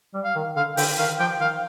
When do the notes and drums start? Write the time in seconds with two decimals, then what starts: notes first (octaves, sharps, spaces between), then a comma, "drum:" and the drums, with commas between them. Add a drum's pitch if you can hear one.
0.14 G3
0.24 F5
0.35 D#3
0.56 D3 F5
0.77 D3 G5, drum: open hi-hat
0.98 D#3 F5
1.19 F3 G5
1.40 D#3 F5